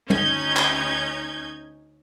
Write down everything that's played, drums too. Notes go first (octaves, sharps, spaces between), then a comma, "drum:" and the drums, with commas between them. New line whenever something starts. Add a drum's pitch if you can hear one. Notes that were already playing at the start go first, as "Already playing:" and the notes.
D2 C#4 D#4 G6 G#6, drum: tom
drum: clap